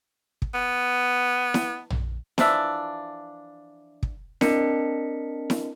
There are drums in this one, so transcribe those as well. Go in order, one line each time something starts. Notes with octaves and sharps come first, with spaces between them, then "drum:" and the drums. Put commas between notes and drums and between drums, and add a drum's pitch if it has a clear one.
drum: kick
B3
drum: snare E4
drum: tom A#1
E3 F3 D4 E5, drum: snare E4
drum: kick
C4 D4 A#4 D#5 B6 C#7, drum: snare E4
drum: snare E4